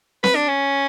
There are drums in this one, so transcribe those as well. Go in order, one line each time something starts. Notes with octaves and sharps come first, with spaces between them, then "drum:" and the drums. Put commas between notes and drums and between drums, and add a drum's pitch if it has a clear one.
B4, drum: snare C4
D4
C#4